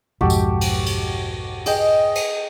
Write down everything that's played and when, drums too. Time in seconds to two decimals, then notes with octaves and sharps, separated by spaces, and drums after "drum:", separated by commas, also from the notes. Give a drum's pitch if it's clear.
0.21 B1 F2 G#2 F#4 G4 A4
0.30 drum: tambourine
0.61 drum: cymbal
0.86 drum: cymbal
1.66 G#4 D#5 G5, drum: cymbal
2.15 drum: cymbal